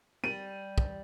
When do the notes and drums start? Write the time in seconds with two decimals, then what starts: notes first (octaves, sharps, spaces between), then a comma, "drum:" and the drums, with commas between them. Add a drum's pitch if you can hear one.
0.24 G3 D#7
0.78 drum: kick